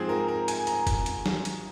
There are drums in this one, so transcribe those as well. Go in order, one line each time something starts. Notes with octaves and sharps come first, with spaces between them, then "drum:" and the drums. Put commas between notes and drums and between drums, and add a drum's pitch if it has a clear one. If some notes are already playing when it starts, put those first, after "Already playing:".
Already playing: G#2 F3 C4 G#4
A#4
A#4
G#5, drum: hi-hat
A#5, drum: hi-hat
drum: kick F1, hi-hat
drum: hi-hat
drum: snare
drum: hi-hat